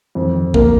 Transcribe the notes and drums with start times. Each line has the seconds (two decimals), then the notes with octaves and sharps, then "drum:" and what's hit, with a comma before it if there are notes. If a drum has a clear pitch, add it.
0.15 F2 D#3
0.54 A#3 A#4, drum: kick A#1